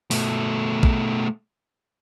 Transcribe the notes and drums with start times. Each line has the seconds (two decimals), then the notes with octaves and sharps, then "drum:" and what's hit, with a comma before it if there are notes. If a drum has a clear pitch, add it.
0.11 B2 A3, drum: open hi-hat
0.83 drum: kick